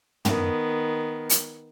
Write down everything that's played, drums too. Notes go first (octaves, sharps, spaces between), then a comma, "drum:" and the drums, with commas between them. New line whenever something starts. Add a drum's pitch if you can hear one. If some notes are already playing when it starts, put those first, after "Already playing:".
D#3 B3, drum: tom
drum: hi-hat